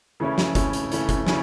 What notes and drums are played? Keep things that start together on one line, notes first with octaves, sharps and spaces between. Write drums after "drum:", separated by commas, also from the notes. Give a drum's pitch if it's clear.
C#3 E3 A3 C#4 E4
drum: snare
C#3 E3 A3 C#4 E4, drum: kick, hi-hat
drum: hi-hat
C#3 E3 A3 C#4 E4, drum: hi-hat
drum: kick, hi-hat
C#3 E3 A3 C#4 E4, drum: snare